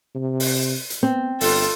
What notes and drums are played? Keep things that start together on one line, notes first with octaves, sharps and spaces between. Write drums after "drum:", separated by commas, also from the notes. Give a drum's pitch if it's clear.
C3
drum: open hi-hat
drum: hi-hat
B3 C4
G1 F4 A4, drum: open hi-hat